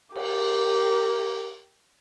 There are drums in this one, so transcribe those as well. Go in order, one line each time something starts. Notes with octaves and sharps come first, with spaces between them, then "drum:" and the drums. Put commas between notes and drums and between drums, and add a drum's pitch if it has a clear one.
G4 A#4, drum: cymbal